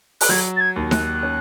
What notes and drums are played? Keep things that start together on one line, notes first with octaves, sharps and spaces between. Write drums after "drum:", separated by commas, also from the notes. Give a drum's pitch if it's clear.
F#6, drum: open hi-hat
F#3 G#6
A6
G#6
D#2
F#6, drum: snare D#4
C#4